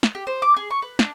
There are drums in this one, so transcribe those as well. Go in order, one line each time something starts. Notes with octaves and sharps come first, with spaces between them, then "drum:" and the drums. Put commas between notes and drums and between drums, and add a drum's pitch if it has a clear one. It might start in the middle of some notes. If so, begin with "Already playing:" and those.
drum: snare
G4
C5
D6
G#4
C#6
B4
D4, drum: snare